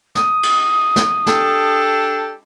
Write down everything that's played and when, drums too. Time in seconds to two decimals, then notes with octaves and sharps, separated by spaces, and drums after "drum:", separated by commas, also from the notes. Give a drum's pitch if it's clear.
0.15 D#6, drum: snare
0.43 drum: cymbal
0.96 drum: snare
1.26 D4 G4 A4, drum: snare